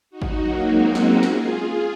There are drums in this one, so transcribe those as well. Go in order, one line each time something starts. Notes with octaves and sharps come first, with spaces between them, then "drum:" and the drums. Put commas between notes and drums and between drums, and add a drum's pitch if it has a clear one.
D#4 F#4
drum: kick G#1
F#3 A#3
G#3 C4
A#3 C#4, drum: snare
F4 G#4, drum: snare